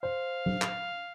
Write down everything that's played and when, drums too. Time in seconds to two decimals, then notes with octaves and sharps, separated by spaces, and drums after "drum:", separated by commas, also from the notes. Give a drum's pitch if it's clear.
0.03 C5 F5
0.46 drum: tom F#3
0.62 drum: clap